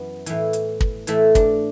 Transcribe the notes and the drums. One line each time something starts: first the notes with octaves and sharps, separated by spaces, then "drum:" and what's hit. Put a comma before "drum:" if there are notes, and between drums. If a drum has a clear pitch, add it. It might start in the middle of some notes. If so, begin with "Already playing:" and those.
Already playing: F#2 E3 B3
A2 E3, drum: hi-hat
drum: hi-hat
drum: kick
A2 E3 A3, drum: hi-hat
D4, drum: kick, hi-hat